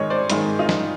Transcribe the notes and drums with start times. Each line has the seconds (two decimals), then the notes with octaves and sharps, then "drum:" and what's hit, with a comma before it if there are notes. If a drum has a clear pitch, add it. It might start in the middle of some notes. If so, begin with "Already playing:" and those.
Already playing: G#2 D#3 G#3 C#5 D#5
0.10 C5 D5
0.30 G#2 D#3 G#3, drum: hi-hat
0.59 D#4 F4
0.69 drum: snare